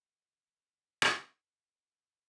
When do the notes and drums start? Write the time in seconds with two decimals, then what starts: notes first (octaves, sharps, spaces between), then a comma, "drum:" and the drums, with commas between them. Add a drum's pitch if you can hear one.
0.14 E2 E3
1.02 drum: rim click